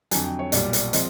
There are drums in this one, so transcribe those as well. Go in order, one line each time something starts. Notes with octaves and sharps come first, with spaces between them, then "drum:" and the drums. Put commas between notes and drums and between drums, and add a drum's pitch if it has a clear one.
F2 D3 F#3 G#5, drum: hi-hat
G5
C#5
B1 A#2 G3 D5, drum: hi-hat
drum: hi-hat
F3 G#3 C4 D#5, drum: hi-hat